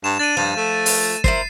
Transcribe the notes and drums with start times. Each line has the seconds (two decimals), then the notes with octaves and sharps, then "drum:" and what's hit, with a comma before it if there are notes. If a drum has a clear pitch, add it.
0.04 G2 E7
0.19 D4 A6 D#7
0.37 G2 F3
0.56 A3
0.86 drum: open hi-hat
1.24 E4 A#4 C5 C7, drum: kick